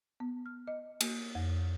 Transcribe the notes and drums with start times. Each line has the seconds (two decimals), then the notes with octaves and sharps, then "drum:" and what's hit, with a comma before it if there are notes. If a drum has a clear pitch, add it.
0.20 B3
0.46 F6
0.68 D#5
1.01 A#3, drum: cymbal
1.35 F2